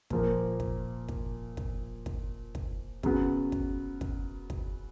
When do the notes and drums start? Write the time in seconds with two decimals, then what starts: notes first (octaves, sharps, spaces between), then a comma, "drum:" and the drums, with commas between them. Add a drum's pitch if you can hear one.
0.10 A#2 F3 A#3, drum: kick
0.60 drum: kick
1.09 drum: kick
1.57 drum: kick
2.06 drum: kick
2.55 drum: kick
3.03 C#3 F#3 B3, drum: kick
3.52 drum: kick
4.01 drum: kick
4.50 drum: kick